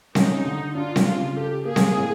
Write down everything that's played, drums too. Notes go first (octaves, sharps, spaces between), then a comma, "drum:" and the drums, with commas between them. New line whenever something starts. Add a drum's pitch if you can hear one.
C#4 D#4, drum: snare C4
D3
D4 F4
drum: snare C4
C#3 F4
G4 A4
A#3 G#4
drum: snare C4
A2